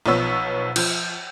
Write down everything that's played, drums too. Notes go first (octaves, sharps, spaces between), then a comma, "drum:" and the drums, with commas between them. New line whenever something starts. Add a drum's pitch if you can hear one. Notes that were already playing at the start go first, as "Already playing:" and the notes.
B1 F3 B3 C#5 E6
F3, drum: cymbal